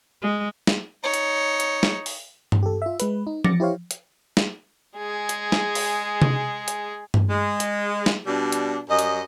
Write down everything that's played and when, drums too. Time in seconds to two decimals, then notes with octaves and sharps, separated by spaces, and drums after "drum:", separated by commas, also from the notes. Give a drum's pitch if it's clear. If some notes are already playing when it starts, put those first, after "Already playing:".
0.22 G#3
0.67 drum: snare
1.04 D#4 C#5
1.14 drum: hi-hat
1.60 drum: hi-hat
1.83 drum: snare
2.06 drum: open hi-hat
2.52 drum: tom G2
2.63 G4 A4
2.82 F4 E5
3.00 G#3 B4, drum: hi-hat
3.27 D#4
3.44 D6 A6 A#6 C#7, drum: tom F3
3.60 E4 G4 C5 C#5 F5
3.91 drum: hi-hat
4.37 drum: snare
4.97 G#3 G#4
5.29 drum: hi-hat
5.52 drum: snare
5.75 drum: open hi-hat
6.22 drum: tom C3
6.68 drum: hi-hat
7.14 drum: tom G2
7.30 G#3
7.60 drum: hi-hat
8.06 drum: snare
8.26 B2 G3 D4
8.52 drum: hi-hat
8.90 F#2 G3 D#5
8.99 drum: hi-hat